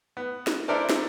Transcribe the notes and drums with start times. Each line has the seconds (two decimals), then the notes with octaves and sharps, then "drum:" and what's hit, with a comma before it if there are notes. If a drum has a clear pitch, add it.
0.17 B3
0.47 drum: snare
0.68 D4 E4 A4 A#4 C5 D5
0.89 drum: snare